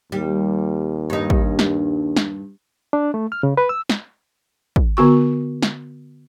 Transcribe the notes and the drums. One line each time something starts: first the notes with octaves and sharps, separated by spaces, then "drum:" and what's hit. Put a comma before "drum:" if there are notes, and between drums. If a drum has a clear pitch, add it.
D#2 G3
G2 D#4
drum: kick
drum: snare
drum: snare
D4
A3
F6
C#3
B4
E6
drum: snare
drum: kick
D3 B3 F#4 C#6
drum: snare